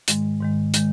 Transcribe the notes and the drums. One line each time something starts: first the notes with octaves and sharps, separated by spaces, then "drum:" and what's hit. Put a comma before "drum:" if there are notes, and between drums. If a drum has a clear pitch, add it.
G#2 D#3 G#3, drum: hi-hat
G#2 D#3 G#3
D#3 G#3, drum: hi-hat